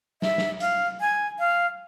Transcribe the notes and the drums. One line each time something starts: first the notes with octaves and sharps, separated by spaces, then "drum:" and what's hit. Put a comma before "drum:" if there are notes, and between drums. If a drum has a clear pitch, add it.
E5, drum: snare
drum: snare
F5, drum: hi-hat
G#5
F5